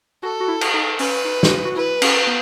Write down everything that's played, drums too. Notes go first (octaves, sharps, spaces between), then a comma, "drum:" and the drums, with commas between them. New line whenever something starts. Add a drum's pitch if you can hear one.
F#4 A4
F#4
E4
drum: cymbal
D#4
C#4 B4, drum: open hi-hat
D#4
drum: snare
F#4
E4 B4
C#4, drum: cymbal
B3